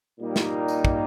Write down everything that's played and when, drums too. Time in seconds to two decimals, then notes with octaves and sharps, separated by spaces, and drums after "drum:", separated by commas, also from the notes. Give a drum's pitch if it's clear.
0.19 A#2 G3 A#3 D#4
0.36 drum: snare
0.68 drum: tambourine
0.85 drum: kick